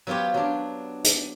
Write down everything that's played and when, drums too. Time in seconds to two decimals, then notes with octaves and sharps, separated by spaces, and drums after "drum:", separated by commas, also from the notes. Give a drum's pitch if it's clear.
0.07 F#3 B3 F4 G4 C#5
0.34 F#3 D4
1.04 drum: hi-hat